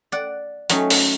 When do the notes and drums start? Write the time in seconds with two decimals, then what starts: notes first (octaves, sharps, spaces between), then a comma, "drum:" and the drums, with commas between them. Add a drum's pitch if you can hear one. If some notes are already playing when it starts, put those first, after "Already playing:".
0.12 D5 F#5
0.70 F#3 A3 C#4 D#4, drum: hi-hat
0.90 drum: open hi-hat